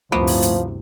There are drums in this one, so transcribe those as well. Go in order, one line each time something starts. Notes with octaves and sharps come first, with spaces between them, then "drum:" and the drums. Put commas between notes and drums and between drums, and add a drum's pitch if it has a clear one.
G1 D2 A2 C3 F3 A#3 B3
drum: open hi-hat
drum: hi-hat